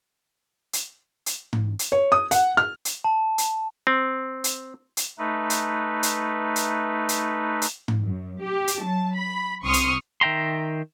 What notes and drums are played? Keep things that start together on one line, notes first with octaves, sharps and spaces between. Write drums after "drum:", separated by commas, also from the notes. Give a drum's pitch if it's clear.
drum: hi-hat
drum: hi-hat
drum: tom G#2
drum: hi-hat
C#5
D#6
F#5, drum: hi-hat
F6
drum: hi-hat
A5
drum: hi-hat
C4
drum: hi-hat
drum: hi-hat
A3 D#4 B4
drum: hi-hat
drum: hi-hat
drum: hi-hat
drum: hi-hat
drum: hi-hat
drum: tom G#2
F#2
G4
drum: hi-hat
F#3 A5
B5
C2 C4 C6 C#6 D#6 F6
drum: hi-hat
D#3 E5 G5 A#5 C6